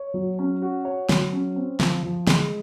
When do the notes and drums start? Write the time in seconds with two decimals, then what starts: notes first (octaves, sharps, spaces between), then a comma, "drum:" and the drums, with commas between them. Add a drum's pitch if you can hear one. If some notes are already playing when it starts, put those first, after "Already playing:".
Already playing: C#5
0.14 F#3
0.39 C#4
0.62 F#4
0.85 C#5
1.09 F#3, drum: snare
1.32 C#4
1.56 C4
1.80 F3, drum: snare
2.03 F3
2.27 G#3, drum: snare